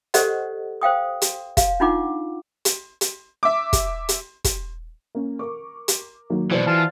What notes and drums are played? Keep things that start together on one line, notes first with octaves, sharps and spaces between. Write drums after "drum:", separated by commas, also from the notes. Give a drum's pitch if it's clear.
G4 A4 C5 D5 D#5 F#5, drum: hi-hat
C5 F5 G5 D#6
drum: hi-hat
F5, drum: kick, hi-hat
D4 D#4 F4 F#5 D6
drum: hi-hat
drum: hi-hat
E5 D6
drum: kick, hi-hat
drum: hi-hat
drum: kick, hi-hat
A#3 C#4
A#4 C#6 D6
drum: hi-hat
D#3 F#3 A#3
B2 E3 F#4 C5 D5
E3 F4 A5 A6